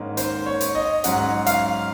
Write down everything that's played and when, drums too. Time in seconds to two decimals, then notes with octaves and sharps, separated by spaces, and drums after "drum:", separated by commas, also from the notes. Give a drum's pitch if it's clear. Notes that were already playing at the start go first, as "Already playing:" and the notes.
Already playing: G#2 D#3 A#3 C#4
0.17 C5, drum: hi-hat
0.46 C#5
0.61 drum: hi-hat
0.75 D#5
1.04 G#2 F#3 C#4 F#5, drum: hi-hat
1.46 F5, drum: hi-hat